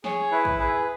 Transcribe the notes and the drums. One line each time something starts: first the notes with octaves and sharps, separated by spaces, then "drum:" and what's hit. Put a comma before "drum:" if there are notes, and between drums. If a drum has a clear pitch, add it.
G#4 C#5, drum: snare
E4 B4
drum: kick
G#4 B4